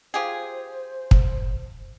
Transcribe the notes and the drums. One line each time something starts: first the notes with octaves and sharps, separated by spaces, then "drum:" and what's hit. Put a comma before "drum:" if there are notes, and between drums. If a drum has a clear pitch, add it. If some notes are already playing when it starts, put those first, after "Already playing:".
F4 G4 G#4 C5
drum: kick